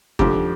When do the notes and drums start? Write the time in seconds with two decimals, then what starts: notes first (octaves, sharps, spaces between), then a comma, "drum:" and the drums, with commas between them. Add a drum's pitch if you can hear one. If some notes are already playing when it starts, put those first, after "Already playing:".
0.19 F2 D3 F3 G4, drum: kick